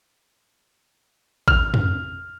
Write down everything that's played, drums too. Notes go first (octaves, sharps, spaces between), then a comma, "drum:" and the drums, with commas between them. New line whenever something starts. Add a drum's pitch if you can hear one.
F6, drum: kick A1
drum: tom